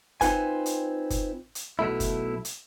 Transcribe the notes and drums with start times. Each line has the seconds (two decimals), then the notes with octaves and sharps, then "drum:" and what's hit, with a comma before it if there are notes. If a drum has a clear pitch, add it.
0.21 C4 D#4 F4 B4 G#5, drum: kick F#1, hi-hat
0.66 drum: hi-hat
1.10 drum: kick F#1, hi-hat
1.55 drum: hi-hat
1.79 B1 B2 A3 E4
2.00 drum: kick F#1, hi-hat
2.45 drum: hi-hat